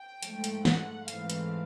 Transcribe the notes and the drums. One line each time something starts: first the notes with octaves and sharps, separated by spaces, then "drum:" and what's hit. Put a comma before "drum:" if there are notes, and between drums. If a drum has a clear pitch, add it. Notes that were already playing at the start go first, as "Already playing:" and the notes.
Already playing: G5
G#2 F3 A3, drum: hi-hat
drum: hi-hat
F#5, drum: snare
G#2 E3 A3 C4 F5, drum: hi-hat
drum: hi-hat